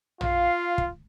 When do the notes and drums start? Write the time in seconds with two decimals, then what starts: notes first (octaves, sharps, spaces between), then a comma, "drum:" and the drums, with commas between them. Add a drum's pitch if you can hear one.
0.21 F4 F5, drum: tom
0.78 drum: kick